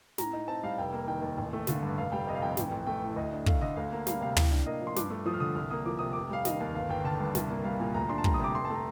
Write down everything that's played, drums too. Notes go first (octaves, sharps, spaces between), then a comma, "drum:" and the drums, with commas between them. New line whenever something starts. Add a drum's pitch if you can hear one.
A2 A#5, drum: snare
D#4
C4 A5
G3 F5
F1 G5
A#3
D#3 G5
D#2
A1
A3
D3 F5, drum: snare
G2
F1 F5
G3 G5
C3 D#5
F5
F2 G5
A1, drum: snare
A1
A3 G5
A2
D2 D#5
D4
A3 F5, drum: kick
D3 D#5
D2 F5
A#3
G3 F5, drum: snare
C3 F5
A2, drum: tom
D4
A#3 D#5
F3
C6
G2 D6, drum: snare
A3
F3 D#6
F6
D3 D#6
C2 F6
A#3 D#6
F3 D6
C3 D#6
F1 D6
G3 F5
D#3 D#5, drum: snare
D#2
G1 F5
G1 G5
D3 A5
G2
C2, drum: snare
A#3
G3 F5
A#2
D2 A#5
D4 C6
A5
G3 A#5, drum: kick
D#6
C3 D6
F1 C6
A5
A3 A#5